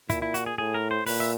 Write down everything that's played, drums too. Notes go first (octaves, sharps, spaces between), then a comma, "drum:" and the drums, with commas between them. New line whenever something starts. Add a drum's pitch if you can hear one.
A#2 E4, drum: kick, hi-hat
E4
F#4, drum: hi-hat
G#4
A2 G#4
A#4
C5
A#2 B4, drum: open hi-hat
E5